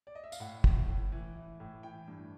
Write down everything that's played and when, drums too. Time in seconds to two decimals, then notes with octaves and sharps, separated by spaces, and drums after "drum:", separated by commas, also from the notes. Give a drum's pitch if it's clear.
0.07 D5
0.15 D#5
0.24 E5
0.32 F5, drum: tambourine
0.40 A2 F#5
0.64 A2, drum: kick
0.88 A2
1.12 E3
1.36 E3
1.60 A2
1.83 E3 G5
2.08 G2